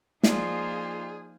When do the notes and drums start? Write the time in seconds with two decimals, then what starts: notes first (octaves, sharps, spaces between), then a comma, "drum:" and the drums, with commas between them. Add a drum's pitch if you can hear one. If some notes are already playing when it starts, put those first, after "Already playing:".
0.23 F3 A#3 D#4 F4 G#4 D5, drum: snare